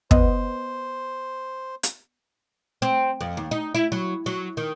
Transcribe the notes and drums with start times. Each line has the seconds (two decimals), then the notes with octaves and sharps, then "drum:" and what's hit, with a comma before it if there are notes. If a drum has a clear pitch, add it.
0.11 B3 C5 D#5, drum: kick
1.83 drum: hi-hat
2.82 C4
3.21 F2
3.37 D#2
3.51 D#4
3.75 E4
3.92 F#3
4.26 F#3
4.57 D#3